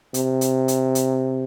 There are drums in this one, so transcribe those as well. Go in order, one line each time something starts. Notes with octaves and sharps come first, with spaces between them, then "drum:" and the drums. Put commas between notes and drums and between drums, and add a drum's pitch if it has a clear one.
C3, drum: hi-hat
drum: hi-hat
drum: hi-hat
drum: hi-hat